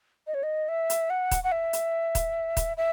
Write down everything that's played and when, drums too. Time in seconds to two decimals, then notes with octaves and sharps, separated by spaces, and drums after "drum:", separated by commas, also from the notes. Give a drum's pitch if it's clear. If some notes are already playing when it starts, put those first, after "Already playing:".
0.27 D#5
0.34 C#5
0.43 D#5
0.68 E5
0.90 drum: hi-hat
1.10 F#5
1.31 drum: kick D#1, hi-hat
1.44 F#5
1.52 E5
1.73 drum: hi-hat
2.15 drum: kick D#1, hi-hat
2.57 drum: kick D#1, hi-hat
2.77 E5